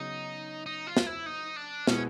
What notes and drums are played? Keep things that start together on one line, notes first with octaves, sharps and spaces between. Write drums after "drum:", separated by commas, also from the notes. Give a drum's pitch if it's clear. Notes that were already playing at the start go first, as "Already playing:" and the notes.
Already playing: C#3 F#3 B3 D#4
D#4
F4
drum: snare
E4
D#4
D4
B2 G#3 B3 C#4 E4, drum: snare